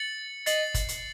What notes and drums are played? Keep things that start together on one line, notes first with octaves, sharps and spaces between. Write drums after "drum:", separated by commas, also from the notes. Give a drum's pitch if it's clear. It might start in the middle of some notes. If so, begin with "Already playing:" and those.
Already playing: A6 C#7 F#7
D#5 A6 C7 F#7, drum: hi-hat
drum: kick, hi-hat
drum: hi-hat